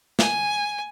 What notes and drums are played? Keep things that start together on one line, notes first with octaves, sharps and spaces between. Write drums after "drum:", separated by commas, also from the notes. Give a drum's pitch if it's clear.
G#5, drum: snare